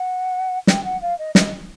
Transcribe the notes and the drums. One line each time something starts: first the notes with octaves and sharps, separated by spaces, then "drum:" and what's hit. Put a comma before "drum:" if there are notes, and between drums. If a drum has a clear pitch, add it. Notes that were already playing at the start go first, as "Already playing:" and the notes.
Already playing: F#5
G5, drum: snare
F#5
F5
D#5
D#5, drum: snare